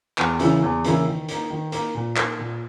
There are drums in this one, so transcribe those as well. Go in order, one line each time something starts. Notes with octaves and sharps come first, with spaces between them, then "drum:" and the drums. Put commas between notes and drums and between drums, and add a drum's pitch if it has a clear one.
E2, drum: clap
C#3 E3 A#3 E4, drum: hi-hat
E2
C#3 E3 A#3 E4, drum: hi-hat
D#3
A#3 D#4, drum: hi-hat
D#3
A#3 D#4, drum: hi-hat
A#2
A#3 D#4, drum: clap
A#2